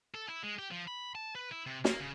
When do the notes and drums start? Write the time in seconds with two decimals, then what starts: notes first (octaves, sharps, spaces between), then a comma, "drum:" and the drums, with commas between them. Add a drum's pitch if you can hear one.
0.14 A4
0.29 E4
0.43 G#3
0.59 G4
0.71 F3
0.88 B5
1.15 A5
1.35 B4
1.51 E4
1.66 C3
1.85 A#3, drum: snare
2.00 C#3